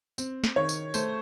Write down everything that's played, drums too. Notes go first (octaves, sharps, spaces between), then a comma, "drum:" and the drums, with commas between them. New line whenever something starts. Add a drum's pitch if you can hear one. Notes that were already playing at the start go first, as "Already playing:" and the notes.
C4, drum: tambourine
drum: snare
D#3 C#5
drum: tambourine
A3 C5, drum: tambourine